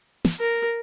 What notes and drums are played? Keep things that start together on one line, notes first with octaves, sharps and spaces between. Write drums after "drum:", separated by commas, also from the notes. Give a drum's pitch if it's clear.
drum: snare
A#4